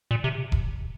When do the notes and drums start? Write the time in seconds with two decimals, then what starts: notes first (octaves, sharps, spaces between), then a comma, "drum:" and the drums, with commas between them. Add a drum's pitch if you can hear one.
0.11 A#2
0.24 C3
0.52 drum: kick E1